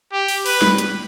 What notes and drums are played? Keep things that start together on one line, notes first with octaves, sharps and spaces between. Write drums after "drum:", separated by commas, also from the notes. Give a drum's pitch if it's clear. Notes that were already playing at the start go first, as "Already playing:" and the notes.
G4
drum: open hi-hat
B4, drum: open hi-hat
drum: snare
drum: hi-hat